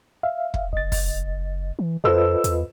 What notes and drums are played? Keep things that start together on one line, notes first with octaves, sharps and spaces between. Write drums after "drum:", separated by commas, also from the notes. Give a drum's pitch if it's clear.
E5 F5
drum: kick
F#1 D#5 A6
drum: kick, open hi-hat
E3
F2 F4 A4 B4 C5 D#5 E6
E2, drum: hi-hat